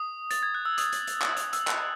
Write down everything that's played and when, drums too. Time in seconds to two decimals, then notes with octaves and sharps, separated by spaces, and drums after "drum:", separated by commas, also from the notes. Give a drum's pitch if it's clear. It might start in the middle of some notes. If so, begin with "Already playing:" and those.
Already playing: D#6
0.31 A6, drum: hi-hat
0.43 G#6
0.55 F#6
0.65 E6
0.78 D#6, drum: hi-hat
0.92 drum: hi-hat
1.07 drum: hi-hat
1.22 E6, drum: clap
1.37 D#6, drum: hi-hat
1.53 E6, drum: hi-hat
1.67 F#6, drum: clap